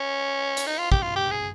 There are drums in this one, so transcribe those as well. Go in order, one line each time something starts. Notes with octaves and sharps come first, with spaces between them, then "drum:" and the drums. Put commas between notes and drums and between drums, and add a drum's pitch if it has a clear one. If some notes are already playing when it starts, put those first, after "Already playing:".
Already playing: C#4
drum: hi-hat
D#4
F4
G4, drum: kick
F4
G4
G#4